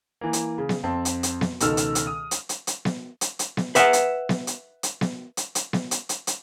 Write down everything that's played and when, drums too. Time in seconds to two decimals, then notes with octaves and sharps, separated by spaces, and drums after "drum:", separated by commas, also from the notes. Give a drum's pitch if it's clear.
0.21 E3 A#3
0.33 drum: hi-hat
0.58 C#3
0.69 drum: snare B3
0.83 F2 C4 A5
1.05 drum: hi-hat
1.23 drum: hi-hat
1.41 drum: snare B3
1.60 C#2 B2 D#3 A4 E6 F6, drum: hi-hat
1.77 drum: hi-hat
1.95 drum: hi-hat
2.07 D#6
2.31 drum: hi-hat
2.49 drum: hi-hat
2.67 drum: hi-hat
2.85 drum: snare B3
3.21 drum: hi-hat
3.39 drum: hi-hat
3.57 drum: snare B3
3.75 B4 E5 F#5, drum: hi-hat
3.93 drum: hi-hat
4.29 drum: snare B3
4.47 drum: hi-hat
4.83 drum: hi-hat
5.01 drum: snare B3
5.37 drum: hi-hat
5.55 drum: hi-hat
5.73 drum: snare B3
5.91 drum: hi-hat
6.09 drum: hi-hat
6.27 drum: hi-hat